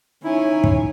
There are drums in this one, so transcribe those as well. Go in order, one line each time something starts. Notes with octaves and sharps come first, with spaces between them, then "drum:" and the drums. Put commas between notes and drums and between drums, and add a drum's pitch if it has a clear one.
C#4 D#4 E4 C#5 G#5
drum: kick